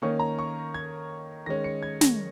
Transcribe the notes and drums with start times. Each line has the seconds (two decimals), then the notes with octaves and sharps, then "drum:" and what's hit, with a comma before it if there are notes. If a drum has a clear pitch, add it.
0.02 D#3 A#3 C#4 C#6
0.19 A#5
0.39 C#6
0.74 G#6
1.46 D#3 G#3 C#4 A#6
1.64 C#7
1.83 G#6
2.01 A#6, drum: snare